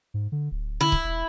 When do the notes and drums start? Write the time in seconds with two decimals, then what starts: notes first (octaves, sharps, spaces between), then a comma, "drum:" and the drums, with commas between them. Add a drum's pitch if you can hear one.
0.14 G#2
0.32 D3
0.51 D1
0.81 D3 E4
0.92 drum: kick C#1
1.04 E1